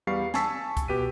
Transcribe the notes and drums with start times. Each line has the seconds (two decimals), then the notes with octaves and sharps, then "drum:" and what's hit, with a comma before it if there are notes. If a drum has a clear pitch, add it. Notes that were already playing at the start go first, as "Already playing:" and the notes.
0.07 E2 G3 B3 F5 C#6 C7
0.34 G#5 A5 C#6 E6 B6, drum: snare
0.77 drum: kick, hi-hat
0.88 B2 G4 B4 B6 D#7